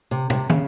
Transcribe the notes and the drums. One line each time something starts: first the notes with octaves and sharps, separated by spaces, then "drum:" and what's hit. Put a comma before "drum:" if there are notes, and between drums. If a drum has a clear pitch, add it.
C3
C3, drum: tom
C#3, drum: tom